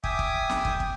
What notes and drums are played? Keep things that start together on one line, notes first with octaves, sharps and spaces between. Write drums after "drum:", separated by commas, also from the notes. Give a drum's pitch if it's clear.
E5 G5 G#5 D6 D#6, drum: kick
drum: kick
drum: snare
drum: kick
drum: kick